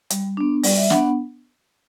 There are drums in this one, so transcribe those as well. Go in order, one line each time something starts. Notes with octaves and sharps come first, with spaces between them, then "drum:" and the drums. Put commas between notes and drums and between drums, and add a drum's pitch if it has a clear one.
G3, drum: hi-hat
B3 D4
G3 D5, drum: open hi-hat
E5
B3 D4 F#5, drum: snare